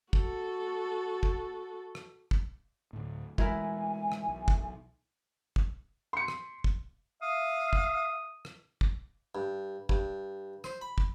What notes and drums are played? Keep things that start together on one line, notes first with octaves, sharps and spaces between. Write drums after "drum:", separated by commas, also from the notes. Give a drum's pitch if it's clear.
F#4 A4, drum: kick
drum: kick
drum: rim click
drum: kick
D2 A2
B2 E3 G#3 A3 E4 A#4 G#5, drum: kick
drum: rim click
B1
drum: kick
drum: kick
C6 C#7
drum: rim click
drum: kick
E5 F5 D#6
drum: kick
drum: rim click
drum: kick
G2
G2, drum: kick
C5, drum: rim click
B5
drum: kick